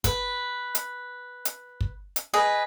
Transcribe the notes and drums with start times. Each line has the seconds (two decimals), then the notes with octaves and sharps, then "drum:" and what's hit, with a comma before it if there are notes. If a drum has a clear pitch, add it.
0.04 B4, drum: kick, hi-hat
0.75 drum: hi-hat
1.45 drum: hi-hat
1.81 drum: kick
2.16 drum: hi-hat
2.34 G#4 B4 D#5